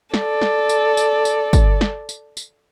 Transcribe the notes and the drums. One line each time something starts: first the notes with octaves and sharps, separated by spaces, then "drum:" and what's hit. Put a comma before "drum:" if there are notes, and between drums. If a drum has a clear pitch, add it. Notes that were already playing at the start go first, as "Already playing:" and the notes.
A4 D5, drum: snare
drum: snare
drum: tambourine
drum: tambourine
drum: tambourine
drum: kick, tambourine
drum: snare
drum: tambourine
drum: tambourine